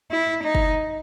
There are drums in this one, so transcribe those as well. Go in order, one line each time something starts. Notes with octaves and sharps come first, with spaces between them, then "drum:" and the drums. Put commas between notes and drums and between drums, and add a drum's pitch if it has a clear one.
E4
D#4
drum: kick